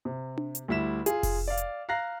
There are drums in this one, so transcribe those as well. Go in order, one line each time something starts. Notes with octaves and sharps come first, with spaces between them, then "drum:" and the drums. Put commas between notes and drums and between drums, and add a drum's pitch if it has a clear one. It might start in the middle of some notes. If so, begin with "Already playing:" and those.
C3
drum: tom D4
drum: hi-hat
D2 G3 E4 B6 E7
F4 G#4, drum: hi-hat
drum: kick F1, open hi-hat
D5 F5
drum: hi-hat
F5 A#5 F#6 A#6 C7